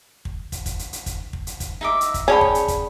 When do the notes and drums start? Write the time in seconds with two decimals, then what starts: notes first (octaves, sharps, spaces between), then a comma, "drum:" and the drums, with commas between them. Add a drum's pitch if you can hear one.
0.25 drum: kick
0.52 drum: kick, hi-hat
0.66 drum: kick, hi-hat
0.79 drum: hi-hat
0.93 drum: hi-hat
1.06 drum: kick, hi-hat
1.33 drum: kick
1.47 drum: hi-hat
1.60 drum: kick, hi-hat
1.81 D#4 E5 D6
2.01 drum: hi-hat
2.14 drum: kick, hi-hat
2.28 C#4 G#4 C#5 D5 G5 A5 B5
2.41 drum: kick
2.55 drum: hi-hat
2.68 drum: kick, hi-hat